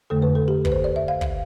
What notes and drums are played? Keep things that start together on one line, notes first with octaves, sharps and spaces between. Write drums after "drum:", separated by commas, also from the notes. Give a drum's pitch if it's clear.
F2 D3 A3 A4
B4
A4
G4
B4, drum: kick
C5
D5
E5
F5
F5, drum: kick